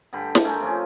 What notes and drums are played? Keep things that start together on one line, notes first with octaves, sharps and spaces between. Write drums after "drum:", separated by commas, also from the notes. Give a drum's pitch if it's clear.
G2 D3 G4 B5
drum: snare
G#3 A3 D#4 A#4
C3 F3 C#4